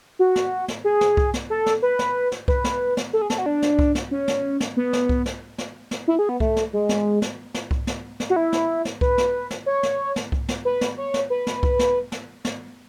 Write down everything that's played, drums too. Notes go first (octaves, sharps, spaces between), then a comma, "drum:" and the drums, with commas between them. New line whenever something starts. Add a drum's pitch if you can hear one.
F#4
drum: snare
drum: snare
G#4
drum: snare
drum: kick C2
drum: snare
A4
drum: snare
B4
drum: snare
drum: snare
B4, drum: kick C2
drum: snare
drum: snare
A4
G#4
A4, drum: snare
F#4
D4
drum: snare
drum: kick C2
drum: snare
C#4
drum: snare
drum: snare
B3
drum: snare
drum: kick C2
drum: snare
drum: snare
drum: snare
E4
G#4
B3
A3, drum: kick C2
drum: snare
G#3
drum: snare
drum: snare
drum: snare
drum: kick C2
drum: snare
drum: snare
F#4
E4
drum: snare
drum: snare
B4, drum: kick C2
drum: snare
drum: snare
C#5
drum: snare
drum: snare
drum: kick C2
drum: snare
B4
drum: snare
C#5
drum: snare
B4
drum: snare
drum: kick C2
drum: snare
drum: snare
drum: snare